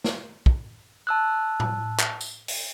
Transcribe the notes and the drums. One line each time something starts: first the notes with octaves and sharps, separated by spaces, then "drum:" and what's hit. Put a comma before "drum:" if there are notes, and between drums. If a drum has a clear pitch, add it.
drum: snare
drum: kick
A5 E6 F#6
drum: tom A2
drum: clap
drum: tambourine
drum: open hi-hat